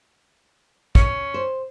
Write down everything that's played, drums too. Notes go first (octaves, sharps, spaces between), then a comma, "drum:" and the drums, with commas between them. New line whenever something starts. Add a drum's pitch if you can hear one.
C#4, drum: kick
C5